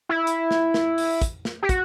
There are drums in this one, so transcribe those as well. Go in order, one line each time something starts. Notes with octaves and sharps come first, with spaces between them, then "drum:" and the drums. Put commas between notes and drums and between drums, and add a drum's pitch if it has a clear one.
E4
drum: hi-hat
drum: snare
drum: snare
drum: open hi-hat
drum: kick, hi-hat
drum: snare
G4
F#4, drum: kick, hi-hat